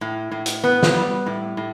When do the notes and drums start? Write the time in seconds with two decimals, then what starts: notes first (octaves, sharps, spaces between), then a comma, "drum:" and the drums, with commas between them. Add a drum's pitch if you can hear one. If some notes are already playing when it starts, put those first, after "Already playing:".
0.01 A2
0.32 A2
0.46 drum: hi-hat
0.64 B3
0.83 drum: snare
0.94 G3
1.26 A2
1.57 A2